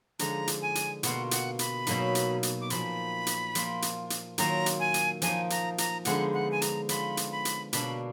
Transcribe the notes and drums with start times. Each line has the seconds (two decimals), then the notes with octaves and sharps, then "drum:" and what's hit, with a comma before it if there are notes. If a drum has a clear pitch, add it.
0.19 D3 F3 G#3 D#4 A#5, drum: hi-hat
0.47 drum: hi-hat
0.62 G#5
0.75 drum: hi-hat
1.03 B2 A#3 F4 F#5, drum: hi-hat
1.31 F#5, drum: hi-hat
1.59 B5, drum: hi-hat
1.87 B2 F#3 A#3 D#4, drum: hi-hat
2.15 drum: hi-hat
2.43 drum: hi-hat
2.61 D6
2.70 A#2 F3 A#3 B5, drum: hi-hat
3.27 drum: hi-hat
3.55 F3 A#3 F4, drum: hi-hat
3.82 drum: hi-hat
4.10 drum: hi-hat
4.38 D#3 F#3 A#3 F4 A#5, drum: hi-hat
4.66 drum: hi-hat
4.80 G#5
4.94 drum: hi-hat
5.22 F3 A#3 D#4 G#5, drum: hi-hat
5.50 A#5, drum: hi-hat
5.78 A#5, drum: hi-hat
6.05 D3 F3 G#3 B3 D#4 F#5, drum: hi-hat
6.34 F#5
6.51 G#5
6.62 A#5, drum: hi-hat
6.89 F3 B3 F4 B5, drum: hi-hat
7.17 drum: hi-hat
7.32 B5
7.45 drum: hi-hat
7.73 B2 A#3 D4 B5, drum: hi-hat